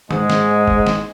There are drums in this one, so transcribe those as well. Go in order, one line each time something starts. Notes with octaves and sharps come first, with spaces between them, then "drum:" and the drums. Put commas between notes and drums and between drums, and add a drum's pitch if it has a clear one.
G#2 G#3, drum: tom D3
drum: snare
drum: kick
drum: snare